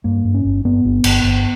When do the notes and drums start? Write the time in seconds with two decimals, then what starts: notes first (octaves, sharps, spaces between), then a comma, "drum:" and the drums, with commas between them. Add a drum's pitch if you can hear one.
0.04 G2 A#3
0.24 G2
0.34 C#4
0.45 G1
0.65 G2 B3
0.85 G1
1.04 G1, drum: cymbal
1.23 G1